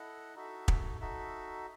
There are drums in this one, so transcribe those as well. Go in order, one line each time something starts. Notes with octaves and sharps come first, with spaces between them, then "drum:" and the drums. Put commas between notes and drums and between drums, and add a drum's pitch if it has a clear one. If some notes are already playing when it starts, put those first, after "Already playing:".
Already playing: E4 A4 D#5 F#5
D#4 F#4 A4 E5
drum: kick
D#4 F#4 A4 E5